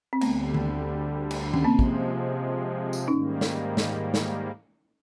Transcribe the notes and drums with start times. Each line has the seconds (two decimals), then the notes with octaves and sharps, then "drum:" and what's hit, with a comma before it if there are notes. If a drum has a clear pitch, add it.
0.13 C4
0.21 D2 D3 G3 A3 B3, drum: cymbal
0.54 drum: tom D#3
1.31 drum: cymbal
1.54 C#4, drum: tom D#3
1.64 C3 F3 G#3 A#3 C4
1.79 drum: kick
2.93 drum: tambourine
3.08 G#2 D#3 G3 A#3 C#4 D#4
3.41 drum: snare
3.77 drum: snare
4.14 drum: snare